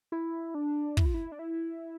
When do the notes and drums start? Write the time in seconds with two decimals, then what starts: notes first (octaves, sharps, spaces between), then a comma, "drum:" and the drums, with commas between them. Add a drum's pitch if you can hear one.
0.12 E4
0.55 D4
0.97 E4, drum: kick
1.05 F4
1.14 E4
1.32 D4
1.39 E4